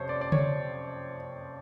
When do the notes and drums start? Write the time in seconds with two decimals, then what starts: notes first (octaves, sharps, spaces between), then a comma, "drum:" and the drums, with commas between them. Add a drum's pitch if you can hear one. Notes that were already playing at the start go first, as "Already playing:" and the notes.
Already playing: F#1 F2 C3 C5 C#5
0.09 D5
0.21 D5
0.32 C#5, drum: tom C#3